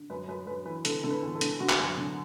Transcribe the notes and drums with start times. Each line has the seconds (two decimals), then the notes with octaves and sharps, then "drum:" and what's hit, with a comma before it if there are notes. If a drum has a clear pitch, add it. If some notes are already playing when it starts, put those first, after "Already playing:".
Already playing: D3
0.10 F#2 B4
0.28 F#2 B4
0.47 F#2 B4
0.66 E3 B4
0.85 D3 A4, drum: hi-hat
1.04 D3 A4
1.10 B4
1.22 E2
1.35 A4
1.41 D3, drum: hi-hat
1.60 D3 F#4
1.70 drum: clap
1.80 F#2
1.97 D3